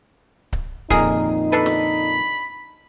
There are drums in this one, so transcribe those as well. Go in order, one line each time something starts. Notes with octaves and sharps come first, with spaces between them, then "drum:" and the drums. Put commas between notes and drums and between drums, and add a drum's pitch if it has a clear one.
drum: kick C#1
F2 A#2 D#3 D#4 G#4 A#4 A#5, drum: kick C#1
D4 A4 B4 B5
drum: snare